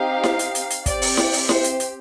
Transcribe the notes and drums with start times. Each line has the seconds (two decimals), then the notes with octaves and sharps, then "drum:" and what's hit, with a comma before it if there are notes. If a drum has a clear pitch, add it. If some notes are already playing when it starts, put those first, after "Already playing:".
Already playing: C4 D#4 G4 F5
0.24 drum: snare E4
0.39 drum: hi-hat
0.55 drum: hi-hat
0.70 drum: hi-hat
0.86 C4 G4 D5, drum: kick, hi-hat
1.02 drum: open hi-hat
1.17 drum: snare E4
1.33 drum: open hi-hat
1.49 C5, drum: snare E4
1.64 drum: hi-hat
1.80 drum: hi-hat